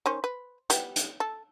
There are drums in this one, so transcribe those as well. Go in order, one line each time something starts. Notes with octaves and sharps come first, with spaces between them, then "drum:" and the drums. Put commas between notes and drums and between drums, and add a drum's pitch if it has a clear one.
D#3 C#4 C5
B4
G3 B3 G4, drum: hi-hat
drum: hi-hat
A4